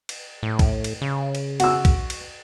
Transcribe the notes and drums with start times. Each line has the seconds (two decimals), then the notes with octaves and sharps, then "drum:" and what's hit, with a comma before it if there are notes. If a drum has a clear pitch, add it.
0.09 drum: cymbal
0.43 A2
0.59 drum: kick B1, cymbal
0.84 drum: cymbal
1.02 C#3
1.35 drum: cymbal
1.60 F#4 E6, drum: cymbal
1.85 drum: kick B1, cymbal
2.10 drum: cymbal